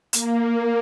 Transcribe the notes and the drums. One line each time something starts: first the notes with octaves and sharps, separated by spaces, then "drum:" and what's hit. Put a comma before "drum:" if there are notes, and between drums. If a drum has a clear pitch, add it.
A#3, drum: hi-hat